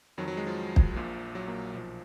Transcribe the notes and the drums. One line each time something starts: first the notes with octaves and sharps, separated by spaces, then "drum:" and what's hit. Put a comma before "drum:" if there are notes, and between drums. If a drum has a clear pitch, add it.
F2 D#3 F#3
F#3
G#3
F3
drum: kick
A#1 A#2 F3
F#3
A#3
B1 A#2 F3